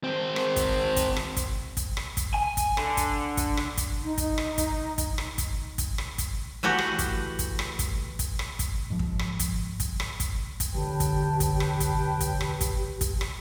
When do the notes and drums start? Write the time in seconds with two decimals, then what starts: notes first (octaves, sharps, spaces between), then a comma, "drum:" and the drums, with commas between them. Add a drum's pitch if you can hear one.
0.04 G#2 C4
0.36 drum: rim click
0.56 drum: kick, hi-hat
0.96 drum: kick, hi-hat
1.16 drum: rim click
1.37 drum: kick, hi-hat
1.77 drum: kick, hi-hat
1.97 drum: rim click
2.17 drum: kick, hi-hat
2.34 G#5
2.57 drum: kick, hi-hat
2.77 D3, drum: rim click
2.97 drum: kick, hi-hat
3.37 drum: kick, hi-hat
3.57 drum: rim click
3.77 drum: kick, hi-hat
4.03 D#4
4.18 drum: kick, hi-hat
4.38 drum: rim click
4.58 drum: kick, hi-hat
4.98 drum: kick, hi-hat
5.18 drum: rim click
5.38 drum: kick, hi-hat
5.78 drum: kick, hi-hat
5.98 drum: rim click
6.18 drum: kick, hi-hat
6.63 E3 A3 F#4 G4
6.78 drum: rim click
6.99 drum: kick, hi-hat
7.39 drum: kick, hi-hat
7.59 drum: rim click
7.79 drum: kick, hi-hat
8.19 drum: kick, hi-hat
8.39 drum: rim click
8.59 drum: kick, hi-hat
8.90 G#2 F3
8.99 drum: kick
9.19 drum: rim click
9.39 drum: kick, hi-hat
9.80 drum: kick, hi-hat
10.00 drum: rim click
10.20 drum: kick, hi-hat
10.60 drum: kick, hi-hat
10.75 E1 D3 G4 B4 C#5 G5 A5
11.00 drum: kick, hi-hat
11.40 drum: kick, hi-hat
11.60 drum: rim click
11.80 drum: kick, hi-hat
12.20 drum: kick, hi-hat
12.41 drum: rim click
12.61 drum: kick, hi-hat
13.01 drum: kick, hi-hat
13.21 drum: rim click